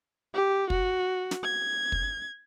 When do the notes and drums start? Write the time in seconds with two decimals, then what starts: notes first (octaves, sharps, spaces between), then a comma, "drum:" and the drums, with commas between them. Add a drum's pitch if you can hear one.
0.34 G4
0.70 F#4, drum: kick
1.31 drum: snare
1.44 G#6
1.92 drum: kick